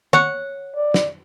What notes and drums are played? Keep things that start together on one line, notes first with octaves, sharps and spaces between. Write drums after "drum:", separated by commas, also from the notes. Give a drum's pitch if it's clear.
C#5 F#5, drum: tom
D5
drum: snare